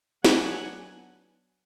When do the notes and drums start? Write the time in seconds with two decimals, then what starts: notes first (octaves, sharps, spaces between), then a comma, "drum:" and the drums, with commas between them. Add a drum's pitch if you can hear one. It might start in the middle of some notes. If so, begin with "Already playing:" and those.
0.24 F#3 B3 D4 F#5 G#5, drum: snare